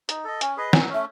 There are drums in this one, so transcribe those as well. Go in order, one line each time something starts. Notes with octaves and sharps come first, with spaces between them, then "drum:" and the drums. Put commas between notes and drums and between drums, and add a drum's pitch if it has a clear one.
D#4, drum: hi-hat
A4 D#5
C#4 G#5, drum: hi-hat
G#4 B4 D#5
F#3 G#5, drum: snare
A3 C#4 E5